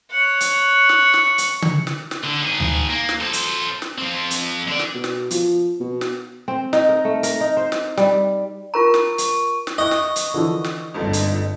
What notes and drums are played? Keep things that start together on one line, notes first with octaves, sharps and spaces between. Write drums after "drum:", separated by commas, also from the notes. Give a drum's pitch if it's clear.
C#5 F#5
drum: hi-hat
drum: snare
drum: snare
drum: hi-hat
drum: tom C#3
drum: snare
drum: snare
D3
D#3 G#4
drum: tom D2
A#3
drum: snare
A4 C5
drum: hi-hat
drum: snare
F3 C4
drum: hi-hat
D3 D5
drum: snare
B2
drum: snare
F3, drum: hi-hat
B2
drum: snare
C4
D#4, drum: snare
A#4
A3
A#4, drum: hi-hat
D#4
C5
drum: snare
G3, drum: snare
F4 A#4 A#5 C#6
drum: snare
drum: hi-hat
drum: snare
E4 D#5 G5 C#6 F#6
drum: snare
drum: hi-hat
D3 E3 F3
drum: snare
G1 F2 G#2 A3
drum: hi-hat